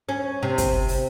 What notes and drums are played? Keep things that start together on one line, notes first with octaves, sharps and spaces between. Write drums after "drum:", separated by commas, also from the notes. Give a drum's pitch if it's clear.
C#4
C3
drum: kick, hi-hat
drum: open hi-hat